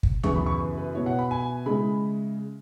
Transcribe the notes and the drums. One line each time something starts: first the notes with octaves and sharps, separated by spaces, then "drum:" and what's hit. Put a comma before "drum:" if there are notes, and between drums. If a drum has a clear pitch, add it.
drum: kick
F#2 C#3 E3 B3 E4 C#6, drum: tom D2
B5
C#6
B4
B4
B2 B3 E4 C#5
F#5
B5
G#5
C#3 G#3 E4 B5